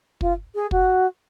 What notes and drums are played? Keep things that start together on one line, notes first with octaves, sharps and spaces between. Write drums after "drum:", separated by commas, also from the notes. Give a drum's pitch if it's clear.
F4, drum: kick
G#4
F#4, drum: kick